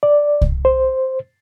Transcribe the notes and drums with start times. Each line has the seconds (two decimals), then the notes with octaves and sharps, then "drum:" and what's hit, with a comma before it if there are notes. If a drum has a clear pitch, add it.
0.03 D5
0.41 drum: kick C2
0.65 C5